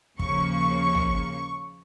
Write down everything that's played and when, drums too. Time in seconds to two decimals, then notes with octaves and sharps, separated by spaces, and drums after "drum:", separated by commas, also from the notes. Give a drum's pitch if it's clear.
0.19 D#2 C#3 F3 A#3 C#6, drum: kick
0.95 drum: tom